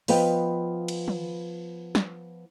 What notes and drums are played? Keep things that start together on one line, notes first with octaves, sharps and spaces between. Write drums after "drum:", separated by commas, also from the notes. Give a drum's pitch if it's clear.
F3 B3 B4 D#5 G5, drum: open hi-hat
drum: cymbal
drum: tom
drum: snare